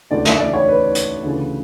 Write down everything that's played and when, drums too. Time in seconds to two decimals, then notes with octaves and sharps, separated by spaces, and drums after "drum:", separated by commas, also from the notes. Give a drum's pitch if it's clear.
0.10 E1 D2 C#3 E3 D5
0.25 E5, drum: snare
0.39 D5
0.53 C#5
0.68 B4
0.95 drum: hi-hat
1.23 D2 C#3 E3